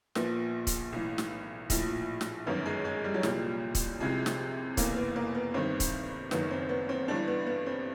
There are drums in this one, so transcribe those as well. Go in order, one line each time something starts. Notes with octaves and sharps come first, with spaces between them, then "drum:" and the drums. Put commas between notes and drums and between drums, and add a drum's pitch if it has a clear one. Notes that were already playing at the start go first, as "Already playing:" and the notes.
A#1 A#2 F3 B3, drum: snare
drum: kick C#1, hi-hat
B1 A2 E3
drum: snare
A#1 A2 F3, drum: kick C#1, hi-hat
drum: snare
G1 F#2 D#3 B3
G#3
G#3
G3
F#3
C2 A#2 F3 G3, drum: snare
drum: kick C#1, hi-hat
C2 C3 F3 G#3
drum: snare
F1 E2 B2 A#3, drum: kick C#1, hi-hat
B3
A#3
B3
G1 G2 D#3 C4
drum: kick C#1, hi-hat
F#1 F#2 D#3 B3, drum: snare
C4
B3
C4
G1 G2 E3 D4
B3
B3
C4